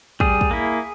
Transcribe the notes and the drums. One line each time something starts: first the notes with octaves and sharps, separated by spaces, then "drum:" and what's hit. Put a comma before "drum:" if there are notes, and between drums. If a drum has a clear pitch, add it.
G3 G#4, drum: kick
drum: kick
A#3 E4